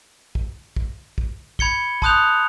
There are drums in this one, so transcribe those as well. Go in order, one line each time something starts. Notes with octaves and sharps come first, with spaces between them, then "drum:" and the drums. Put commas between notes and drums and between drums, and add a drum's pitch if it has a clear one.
drum: kick
drum: kick
drum: kick
B5 G#6 C#7 G7, drum: kick
A5 C6 D#6 F#6 G6 F7, drum: kick